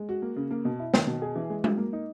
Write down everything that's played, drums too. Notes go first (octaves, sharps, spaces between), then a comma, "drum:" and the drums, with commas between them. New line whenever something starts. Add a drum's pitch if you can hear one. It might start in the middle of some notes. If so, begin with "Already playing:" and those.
Already playing: G#3
F#4
A#3
C#3
A#3
B2
E4
D#3, drum: snare
B2
G#4
E3
G#3
F#3, drum: tom G#3
A#3
D#4